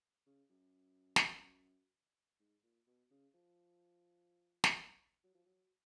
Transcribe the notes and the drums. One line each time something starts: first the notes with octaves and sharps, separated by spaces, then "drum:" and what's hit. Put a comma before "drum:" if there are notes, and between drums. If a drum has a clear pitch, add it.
C#3
F#2
drum: snare
G#2
A#2
B2
C#3
F3
drum: snare
F#3
F3
F#3